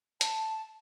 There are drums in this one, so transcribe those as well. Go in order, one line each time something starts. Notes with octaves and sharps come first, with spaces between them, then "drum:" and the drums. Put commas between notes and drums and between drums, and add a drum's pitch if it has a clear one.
A5, drum: hi-hat